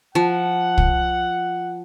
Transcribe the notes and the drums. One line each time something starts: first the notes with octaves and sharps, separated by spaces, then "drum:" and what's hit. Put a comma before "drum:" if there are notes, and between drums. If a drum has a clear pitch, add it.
F3 F#5
drum: kick